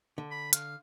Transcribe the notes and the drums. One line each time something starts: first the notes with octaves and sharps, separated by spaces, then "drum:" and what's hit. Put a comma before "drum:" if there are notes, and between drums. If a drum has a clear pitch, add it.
D3
B5
F5, drum: hi-hat